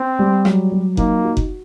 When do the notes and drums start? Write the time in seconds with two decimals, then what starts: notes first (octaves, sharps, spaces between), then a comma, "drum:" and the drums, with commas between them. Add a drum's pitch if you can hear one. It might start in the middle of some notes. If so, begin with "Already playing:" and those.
Already playing: C4
0.19 G3
0.45 F#3, drum: rim click
0.72 F#3
0.97 A#3 D#4, drum: kick F#1
1.24 F#4
1.37 drum: kick F#1